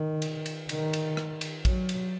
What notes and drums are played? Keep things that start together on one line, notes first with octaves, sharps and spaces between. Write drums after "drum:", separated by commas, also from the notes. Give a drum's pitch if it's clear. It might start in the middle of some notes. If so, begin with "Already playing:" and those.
Already playing: D#3
drum: cymbal
drum: cymbal
D#3, drum: cymbal
drum: cymbal
drum: rim click
drum: cymbal
F#3, drum: kick, cymbal
drum: cymbal